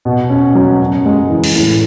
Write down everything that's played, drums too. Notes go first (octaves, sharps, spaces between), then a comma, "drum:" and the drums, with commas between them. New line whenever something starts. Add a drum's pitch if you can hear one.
B2
C#4
F#3
F#2
G#3
E3
drum: cymbal
A2